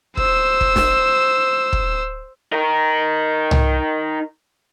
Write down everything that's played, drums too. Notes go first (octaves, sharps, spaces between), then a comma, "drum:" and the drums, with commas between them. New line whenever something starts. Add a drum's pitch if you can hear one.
C5 E6, drum: kick
drum: kick
drum: snare
drum: kick
D#4 A#4
drum: tom C2